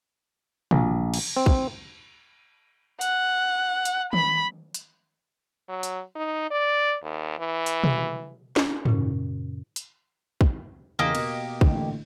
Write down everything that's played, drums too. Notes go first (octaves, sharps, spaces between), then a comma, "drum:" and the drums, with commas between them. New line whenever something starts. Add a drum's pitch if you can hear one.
A#1, drum: tom B2
drum: cymbal
C4
drum: kick
F#5, drum: hi-hat
drum: hi-hat
B5, drum: tom D#3
drum: hi-hat
F#3
drum: hi-hat
D#4
D5
D#2
E3
drum: hi-hat
drum: tom B2
drum: snare
F#2 A#2 C#3 C#4, drum: tom G#2
drum: hi-hat
drum: kick
E2 C#3 A#3 G4 D#5
B2, drum: cymbal
A1 A#2 D3, drum: kick